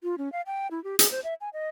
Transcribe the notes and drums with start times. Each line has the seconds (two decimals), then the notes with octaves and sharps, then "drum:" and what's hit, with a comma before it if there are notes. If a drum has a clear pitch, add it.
0.03 F4
0.18 C#4
0.32 F5
0.46 G5
0.71 E4
0.84 G4
0.99 G#4, drum: hi-hat
1.11 C5
1.24 E5
1.41 G#5
1.53 D#5